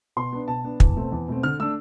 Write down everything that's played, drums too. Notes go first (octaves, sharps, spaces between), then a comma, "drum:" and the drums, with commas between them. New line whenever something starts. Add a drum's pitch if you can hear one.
B2 C6
B3 D4
B2 A5
B3 D4
E2, drum: kick
B2 A3 C4
E2
B2 A3 C4
D3 F6
A3 D4 E6